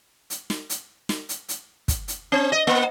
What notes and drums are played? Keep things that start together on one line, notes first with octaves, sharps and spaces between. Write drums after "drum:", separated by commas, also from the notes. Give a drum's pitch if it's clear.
drum: hi-hat
drum: snare
drum: hi-hat
drum: snare
drum: hi-hat
drum: hi-hat
drum: kick, hi-hat
drum: hi-hat
C4
D#5
A#3